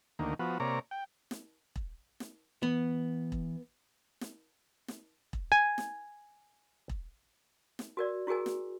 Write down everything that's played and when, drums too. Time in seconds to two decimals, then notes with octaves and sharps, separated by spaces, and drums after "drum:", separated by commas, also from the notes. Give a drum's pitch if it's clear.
0.19 D2 D#3 A#3
0.39 F3 B3 F#4
0.60 C3 A#3 C#5 D5 A#5
0.91 G5
1.31 drum: snare
1.76 drum: kick E1
2.20 drum: snare
2.63 E3 B3
3.32 drum: kick E1
4.21 drum: snare
4.88 drum: snare
5.33 drum: kick E1
5.52 G#5
5.78 drum: snare
6.89 drum: kick E1
7.79 drum: snare
7.97 F#4 A#4 D5
8.27 E4 F#4 G#4 A#4 G#5
8.46 drum: snare